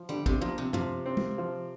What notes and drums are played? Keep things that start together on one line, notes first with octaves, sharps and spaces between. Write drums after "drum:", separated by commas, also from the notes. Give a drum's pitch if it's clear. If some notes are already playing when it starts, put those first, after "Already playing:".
Already playing: F3
D3 G3
C3, drum: kick G#1
A#2 F3
C3
C3 F3, drum: tom
C4
drum: tom G#3
F3